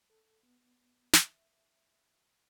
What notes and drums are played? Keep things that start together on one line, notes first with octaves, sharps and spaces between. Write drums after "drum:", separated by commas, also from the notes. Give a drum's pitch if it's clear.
A4
B3
E5, drum: snare